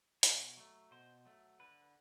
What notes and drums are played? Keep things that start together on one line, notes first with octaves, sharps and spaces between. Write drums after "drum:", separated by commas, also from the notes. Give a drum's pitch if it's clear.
B2 C#5, drum: hi-hat
F#3 A3
B2 C5
F#3 A3
D3 B4